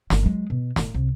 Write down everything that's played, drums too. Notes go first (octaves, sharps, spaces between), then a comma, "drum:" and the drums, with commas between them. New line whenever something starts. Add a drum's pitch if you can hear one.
G1, drum: snare
F#3 G#3
B2
A1, drum: snare
C2